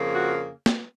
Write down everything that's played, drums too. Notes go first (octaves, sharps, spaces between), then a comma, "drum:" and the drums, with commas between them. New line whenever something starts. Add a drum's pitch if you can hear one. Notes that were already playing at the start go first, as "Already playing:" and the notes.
Already playing: F2 C#3 F3 A#3
F#4
drum: snare A#3